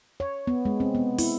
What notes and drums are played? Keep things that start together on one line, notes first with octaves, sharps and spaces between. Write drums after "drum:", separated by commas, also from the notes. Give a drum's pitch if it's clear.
C#5
B3
G#3
C4
B3
E4, drum: open hi-hat